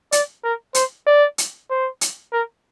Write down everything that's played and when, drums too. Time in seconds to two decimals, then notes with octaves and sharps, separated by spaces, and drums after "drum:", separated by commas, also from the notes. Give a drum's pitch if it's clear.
0.12 D5, drum: hi-hat
0.44 A#4
0.75 C5, drum: hi-hat
1.07 D5
1.38 drum: hi-hat
1.70 C5
2.01 drum: hi-hat
2.33 A#4